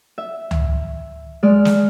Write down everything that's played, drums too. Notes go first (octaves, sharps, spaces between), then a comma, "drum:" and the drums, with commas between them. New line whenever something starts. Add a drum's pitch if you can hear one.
E5
drum: tom C#2
G#3 D5 F6
drum: snare